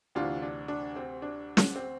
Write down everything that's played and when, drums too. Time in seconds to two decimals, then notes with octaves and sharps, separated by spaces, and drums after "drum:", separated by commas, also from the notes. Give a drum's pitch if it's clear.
0.15 D2 C3 E3 D4 F4
0.42 D4
0.68 D4
0.96 C4
1.22 D4
1.57 drum: snare
1.76 C4